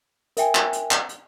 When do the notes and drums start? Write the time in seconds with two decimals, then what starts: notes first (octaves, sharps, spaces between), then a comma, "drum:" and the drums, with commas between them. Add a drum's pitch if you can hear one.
0.37 A#4 E5 G5 G#5, drum: hi-hat
0.55 drum: clap
0.73 drum: hi-hat
0.91 drum: clap
1.09 drum: hi-hat